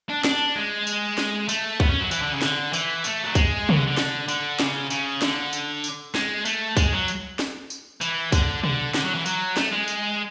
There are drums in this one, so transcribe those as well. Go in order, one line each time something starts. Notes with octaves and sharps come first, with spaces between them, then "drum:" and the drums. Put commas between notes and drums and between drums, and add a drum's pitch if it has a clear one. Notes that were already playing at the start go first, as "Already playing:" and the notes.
D4
D4, drum: snare
G#3
drum: tambourine
drum: snare
A3, drum: tambourine
B3, drum: kick C2
C#4
F#3
E3, drum: tambourine
D3
C#3
D3, drum: snare
E3, drum: tambourine
A3, drum: tambourine
F#3
G#3, drum: kick C2, tambourine
C#3, drum: tom
D3
D3
drum: snare
D3, drum: tambourine
C#3, drum: snare
C#3, drum: tambourine
D3, drum: snare
drum: tambourine
drum: tambourine
G#3, drum: snare
A3, drum: tambourine
G#3, drum: kick C2, tambourine
F#3
drum: tambourine
drum: snare
drum: tambourine
E3, drum: tambourine
D3, drum: kick C2, tambourine
D3, drum: tom
D3, drum: snare
F#3
E3
F#3, drum: tambourine
A3, drum: snare
G#3
drum: tambourine